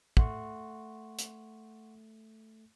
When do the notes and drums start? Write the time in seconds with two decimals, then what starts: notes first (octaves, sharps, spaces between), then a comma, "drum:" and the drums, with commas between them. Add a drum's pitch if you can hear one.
0.17 A3 F#5 C6 C#6, drum: kick
1.19 drum: hi-hat